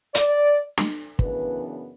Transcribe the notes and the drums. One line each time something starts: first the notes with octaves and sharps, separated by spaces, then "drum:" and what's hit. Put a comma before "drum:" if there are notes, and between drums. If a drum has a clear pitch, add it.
D5, drum: hi-hat
drum: snare
F#2 C#3 E3 B3 D4 B4, drum: kick